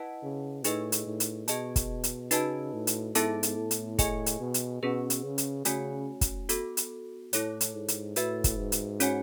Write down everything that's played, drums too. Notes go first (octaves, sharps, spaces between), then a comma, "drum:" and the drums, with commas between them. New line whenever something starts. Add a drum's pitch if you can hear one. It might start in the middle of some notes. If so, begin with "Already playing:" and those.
Already playing: E4 B4 D#5 F#5 A5
C#3
A2 D#4 G#4 B4 D#5, drum: hi-hat
drum: hi-hat
A2
drum: hi-hat
B2 G#4 D#5 A5, drum: hi-hat
drum: kick, hi-hat
drum: hi-hat
C#3 D#4 F#4 B4 D#5 A5, drum: hi-hat
A2
drum: hi-hat
G#2 B3 E4 A4 E5 A5, drum: hi-hat
drum: hi-hat
A2
drum: hi-hat
G#4 D#5 G#5, drum: kick, hi-hat
drum: hi-hat
B2
drum: hi-hat
B2 C#4 G#4 B4
drum: hi-hat
C#3
drum: hi-hat
C#3 A3 C#4 F#4 C#5 G#5, drum: hi-hat
drum: kick, hi-hat
B3 F#4 A4, drum: hi-hat
drum: hi-hat
A2 E4 A4 C#5, drum: hi-hat
drum: hi-hat
G#2
drum: hi-hat
A2 F#4 B4 E5, drum: hi-hat
drum: kick, hi-hat
G#2
drum: hi-hat
C#4 F#4 C#5 G#5, drum: hi-hat